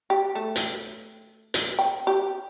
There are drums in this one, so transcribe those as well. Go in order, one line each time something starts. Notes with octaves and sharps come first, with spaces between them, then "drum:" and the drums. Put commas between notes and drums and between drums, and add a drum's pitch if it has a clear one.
G4
A3
drum: hi-hat
drum: hi-hat
G5
G4